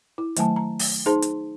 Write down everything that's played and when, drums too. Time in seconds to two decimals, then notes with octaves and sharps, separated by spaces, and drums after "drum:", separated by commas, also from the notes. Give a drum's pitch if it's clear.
0.18 E4
0.36 D#3 F#3 A3 G#5 A5, drum: hi-hat
0.56 A#5
0.79 drum: open hi-hat
1.06 D#4 G#4 C5 A5 C6
1.22 drum: hi-hat